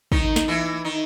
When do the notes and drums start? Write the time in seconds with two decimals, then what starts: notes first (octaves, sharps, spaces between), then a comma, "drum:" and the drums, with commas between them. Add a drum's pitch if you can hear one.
0.12 D#3 D#4, drum: kick
0.36 drum: snare
0.48 E3 E4
0.85 D#3 D#4